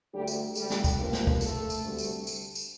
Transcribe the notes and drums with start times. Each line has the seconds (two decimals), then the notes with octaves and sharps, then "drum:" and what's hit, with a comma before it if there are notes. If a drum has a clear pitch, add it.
0.13 D2 D3 G3 A3 G4
0.27 drum: tambourine
0.55 G3 G4, drum: tambourine
0.70 drum: snare
0.84 drum: kick, tambourine
0.99 G2 F3 A#3
1.13 drum: snare
1.27 drum: kick
1.41 A3 A4, drum: tambourine
1.70 drum: tambourine
1.85 D2 C3 G3
1.98 drum: tambourine
2.27 drum: tambourine
2.55 drum: tambourine